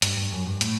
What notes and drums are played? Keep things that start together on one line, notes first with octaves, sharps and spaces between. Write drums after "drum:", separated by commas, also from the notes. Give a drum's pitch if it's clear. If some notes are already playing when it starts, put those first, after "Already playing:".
G2, drum: hi-hat
G2
F#2
G2
A2, drum: hi-hat